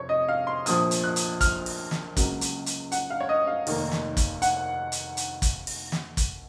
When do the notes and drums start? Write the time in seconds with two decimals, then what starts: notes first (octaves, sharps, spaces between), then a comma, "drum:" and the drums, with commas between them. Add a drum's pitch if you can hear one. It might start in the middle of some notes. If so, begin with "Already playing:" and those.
Already playing: F2 C3 C#5
0.09 D#5
0.28 F5
0.47 C6
0.66 A#1 A#2 F3 D#6, drum: hi-hat
0.91 drum: hi-hat
1.04 F#6
1.16 drum: hi-hat
1.41 F6, drum: kick, hi-hat
1.66 drum: open hi-hat
1.91 drum: snare
2.17 C#2 C#3 F#3 A#3, drum: kick, hi-hat
2.41 drum: hi-hat
2.66 drum: hi-hat
2.92 F#5, drum: hi-hat
3.10 F5
3.20 C#5
3.29 D#5
3.47 F5
3.67 F1 D#2 D#3 A#3, drum: open hi-hat
3.92 drum: snare
4.17 drum: kick, hi-hat
4.42 F#5, drum: hi-hat
4.92 drum: hi-hat
5.17 drum: hi-hat
5.42 drum: kick, hi-hat
5.67 drum: open hi-hat
5.92 drum: snare
6.17 drum: kick, hi-hat